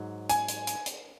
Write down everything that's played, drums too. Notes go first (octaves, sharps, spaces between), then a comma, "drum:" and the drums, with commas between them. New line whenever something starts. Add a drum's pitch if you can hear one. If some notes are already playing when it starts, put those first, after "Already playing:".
Already playing: G#2 F#3
G#5, drum: hi-hat
drum: hi-hat
drum: hi-hat
drum: hi-hat